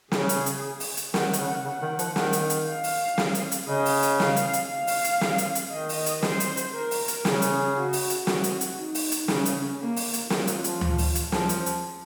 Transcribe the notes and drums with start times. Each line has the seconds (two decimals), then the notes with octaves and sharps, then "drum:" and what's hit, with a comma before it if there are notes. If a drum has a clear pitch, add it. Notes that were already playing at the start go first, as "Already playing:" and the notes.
0.12 C#3 G#4, drum: snare
0.29 drum: hi-hat
0.46 drum: hi-hat
0.80 drum: open hi-hat
0.97 drum: hi-hat
1.14 D#3 F#5, drum: snare
1.33 D#3, drum: hi-hat
1.40 C#3
1.65 C#3 F#5
1.82 D#3
1.99 F3, drum: hi-hat
2.16 D#3, drum: snare
2.33 drum: hi-hat
2.50 drum: hi-hat
2.66 F5
2.84 drum: open hi-hat
3.18 drum: snare
3.35 drum: hi-hat
3.52 drum: hi-hat
3.68 C#3 D#5
3.85 drum: open hi-hat
4.02 drum: hi-hat
4.20 F5, drum: snare
4.36 drum: hi-hat
4.53 drum: hi-hat
4.70 F5
4.87 drum: open hi-hat
5.04 drum: hi-hat
5.21 drum: snare
5.38 drum: hi-hat
5.55 drum: hi-hat
5.72 D#3 D#5
5.89 drum: open hi-hat
6.06 drum: hi-hat
6.22 C5, drum: snare
6.40 drum: hi-hat
6.57 drum: hi-hat
6.75 A#4
6.91 drum: open hi-hat
7.08 drum: hi-hat
7.25 C#3 G#4, drum: snare
7.42 drum: hi-hat
7.76 F#4
7.93 drum: open hi-hat
8.10 drum: hi-hat
8.27 F#4, drum: snare
8.44 drum: hi-hat
8.61 drum: hi-hat
8.78 D#4
8.95 drum: open hi-hat
9.12 drum: hi-hat
9.28 C#3 C#4, drum: snare
9.46 drum: hi-hat
9.80 A#3
9.96 drum: open hi-hat
10.13 drum: hi-hat
10.30 D#3 F4, drum: snare
10.47 F#3, drum: hi-hat
10.64 F3, drum: hi-hat
10.81 drum: tom D2
10.98 drum: open hi-hat
11.15 drum: hi-hat
11.32 F3, drum: snare
11.49 drum: hi-hat
11.66 drum: hi-hat